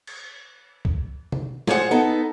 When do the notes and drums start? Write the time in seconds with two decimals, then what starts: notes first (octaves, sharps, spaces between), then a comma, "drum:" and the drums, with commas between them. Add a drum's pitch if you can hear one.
0.07 drum: cymbal
0.85 drum: kick C2
1.32 drum: tom C3
1.67 F4 G#4 C5 D5 F#5, drum: snare
1.91 B3 D#4 A4